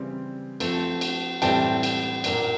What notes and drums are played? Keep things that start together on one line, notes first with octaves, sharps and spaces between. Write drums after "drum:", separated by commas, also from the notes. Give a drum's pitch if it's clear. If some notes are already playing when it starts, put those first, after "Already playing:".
Already playing: C#3 E3 G3 C4
F3 A3 C4, drum: cymbal
drum: cymbal
A2 E3 G3 C4 G5 A5, drum: cymbal
drum: cymbal
A#2 F#3 A#3 D4, drum: cymbal